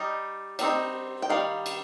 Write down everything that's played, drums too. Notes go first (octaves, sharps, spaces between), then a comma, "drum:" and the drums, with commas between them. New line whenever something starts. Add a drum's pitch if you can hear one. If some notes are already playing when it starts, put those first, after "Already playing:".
Already playing: G3 D#4
G3 C4 D#4, drum: cymbal
G5
D#3 G3 F5
drum: cymbal